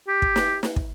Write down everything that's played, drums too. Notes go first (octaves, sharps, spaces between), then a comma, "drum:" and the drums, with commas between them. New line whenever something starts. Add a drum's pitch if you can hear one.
G4
drum: kick
drum: snare
drum: snare
drum: kick